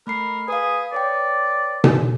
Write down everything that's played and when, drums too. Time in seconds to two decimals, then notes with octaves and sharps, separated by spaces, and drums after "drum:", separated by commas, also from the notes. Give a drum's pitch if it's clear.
0.07 A3 A#4 B5 C7
0.48 G#4 B4 F5
0.92 B4 C#5 D5 G5
1.84 drum: tom B2